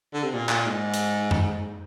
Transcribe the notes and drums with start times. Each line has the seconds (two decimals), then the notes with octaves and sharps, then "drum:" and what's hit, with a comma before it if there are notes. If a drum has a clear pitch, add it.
0.13 D3
0.23 C3
0.33 A#2
0.49 A#2, drum: clap
0.66 G#2
0.94 drum: hi-hat
1.31 drum: tom F#2